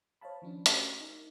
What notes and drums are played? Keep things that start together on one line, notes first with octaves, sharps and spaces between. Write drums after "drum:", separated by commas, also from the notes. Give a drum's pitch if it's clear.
C5 C#5 D#5 F5 A5 B5
D#3 F3 C#4 D4
A3 C#4 F#4 G4, drum: hi-hat
D#4 A#4